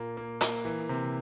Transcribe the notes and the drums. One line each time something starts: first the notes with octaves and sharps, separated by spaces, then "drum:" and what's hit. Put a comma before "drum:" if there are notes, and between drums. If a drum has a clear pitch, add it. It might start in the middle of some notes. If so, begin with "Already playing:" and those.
Already playing: A#2 A#3
A#3
A#3, drum: hi-hat
E3
C3